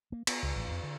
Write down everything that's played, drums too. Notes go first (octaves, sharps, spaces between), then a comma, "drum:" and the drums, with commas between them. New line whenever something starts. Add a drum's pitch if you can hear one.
A#3
B3, drum: cymbal
C#2
A1
F2
D3